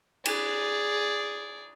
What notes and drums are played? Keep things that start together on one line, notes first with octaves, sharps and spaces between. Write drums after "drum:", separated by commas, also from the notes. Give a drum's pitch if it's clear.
G#4 D5, drum: cymbal